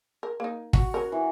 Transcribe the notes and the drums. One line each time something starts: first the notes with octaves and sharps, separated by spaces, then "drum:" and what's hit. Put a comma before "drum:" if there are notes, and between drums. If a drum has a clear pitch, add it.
A#4
A#3 D#4
F#4, drum: kick
C#4 A#4
E3